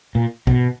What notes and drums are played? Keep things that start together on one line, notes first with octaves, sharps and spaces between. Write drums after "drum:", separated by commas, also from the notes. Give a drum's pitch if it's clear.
A#2
B2, drum: kick